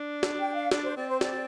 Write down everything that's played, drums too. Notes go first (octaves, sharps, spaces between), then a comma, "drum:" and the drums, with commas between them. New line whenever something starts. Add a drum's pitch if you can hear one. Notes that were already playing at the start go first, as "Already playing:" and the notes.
Already playing: D4
drum: snare
G5
F5
D4 D5, drum: snare
C5
C4 D5
C5
D5, drum: snare